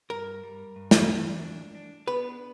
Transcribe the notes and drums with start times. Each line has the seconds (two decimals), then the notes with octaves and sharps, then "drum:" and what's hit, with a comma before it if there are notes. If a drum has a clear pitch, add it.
0.10 G2 A#4
0.44 G3
0.76 G2
0.91 drum: snare
1.09 E3
1.42 D4
1.75 D4
2.07 B3 B4